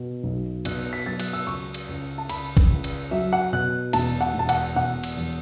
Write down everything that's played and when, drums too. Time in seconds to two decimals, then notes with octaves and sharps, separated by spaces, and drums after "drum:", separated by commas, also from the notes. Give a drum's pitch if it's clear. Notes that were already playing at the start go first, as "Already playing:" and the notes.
Already playing: B2
0.23 B1
0.65 B2 F#6, drum: cymbal
0.93 B6
1.06 F#3 A6
1.19 F#6, drum: cymbal
1.33 E6
1.47 C#2 C#6
1.74 drum: cymbal
1.89 C#2
2.18 A5
2.29 C#2 B5, drum: cymbal
2.57 drum: kick
2.70 C#2
2.84 drum: cymbal
3.11 F#3 E5
3.33 F#5
3.53 B2 F#6
3.93 E1 A5, drum: cymbal
4.21 F#5
4.34 E1 A5
4.49 F#5, drum: cymbal
4.75 E1 F#5
5.03 drum: cymbal
5.17 E2